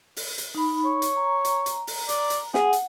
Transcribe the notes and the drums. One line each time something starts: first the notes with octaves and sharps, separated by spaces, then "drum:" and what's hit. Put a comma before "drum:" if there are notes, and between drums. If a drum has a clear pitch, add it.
drum: open hi-hat
drum: hi-hat
D#4 B5
C#5
drum: hi-hat
A#5
drum: hi-hat
drum: hi-hat
drum: open hi-hat
D5, drum: hi-hat
drum: hi-hat
G#4 F#5, drum: snare
drum: hi-hat